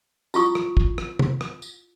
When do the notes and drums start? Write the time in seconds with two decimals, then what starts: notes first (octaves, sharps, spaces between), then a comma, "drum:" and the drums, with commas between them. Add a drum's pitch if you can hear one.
0.34 E4 F4 C#6 D#6, drum: tambourine
0.55 drum: rim click
0.77 drum: kick
0.98 drum: rim click
1.19 drum: tom
1.41 drum: rim click
1.62 drum: tambourine